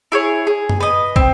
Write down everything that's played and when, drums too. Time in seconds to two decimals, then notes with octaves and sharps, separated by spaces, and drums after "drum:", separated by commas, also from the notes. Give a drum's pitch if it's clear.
0.12 E4 G#4 C#5
0.47 G#4
0.69 drum: tom F#2
0.80 B4 D#5
1.16 C4, drum: kick